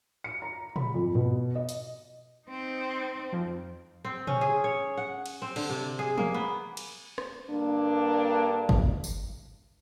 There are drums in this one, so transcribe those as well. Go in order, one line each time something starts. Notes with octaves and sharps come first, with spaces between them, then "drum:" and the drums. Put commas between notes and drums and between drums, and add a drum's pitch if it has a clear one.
C#7
A#5
B5, drum: tom A#2
F2
B2
D#5
drum: hi-hat
C4 D#4
F2
C4
C#4, drum: tom A#2
G#4
C#5
F#5
drum: cymbal
C4
D3, drum: cymbal
C3
G#4
A#3, drum: tom E3
B3
drum: cymbal
drum: rim click
G2 D3 A#3 D4
drum: kick G1
drum: tambourine